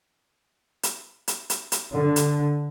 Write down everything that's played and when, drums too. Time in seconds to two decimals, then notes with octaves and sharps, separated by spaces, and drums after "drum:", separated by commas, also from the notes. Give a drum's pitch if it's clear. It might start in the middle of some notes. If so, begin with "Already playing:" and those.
0.83 drum: hi-hat
1.28 drum: hi-hat
1.50 drum: hi-hat
1.72 drum: hi-hat
1.94 D3
2.16 drum: hi-hat